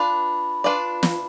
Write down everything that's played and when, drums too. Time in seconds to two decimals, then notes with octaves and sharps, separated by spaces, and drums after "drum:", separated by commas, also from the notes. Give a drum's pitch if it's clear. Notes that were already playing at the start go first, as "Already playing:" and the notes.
Already playing: D4 F4 B4 D5 B5
0.64 D4 F4 B4 D5
1.03 drum: snare